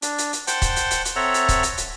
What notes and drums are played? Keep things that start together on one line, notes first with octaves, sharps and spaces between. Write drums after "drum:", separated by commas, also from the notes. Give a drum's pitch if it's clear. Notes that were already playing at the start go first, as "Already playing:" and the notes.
D4, drum: hi-hat
drum: hi-hat
drum: hi-hat
C5 F#5 G5 A5, drum: hi-hat
drum: kick C#1, hi-hat
drum: hi-hat
drum: hi-hat
drum: hi-hat
C4 A4 C#5 E5 F#5 A#5
drum: hi-hat
drum: kick C#1, hi-hat
drum: hi-hat
drum: hi-hat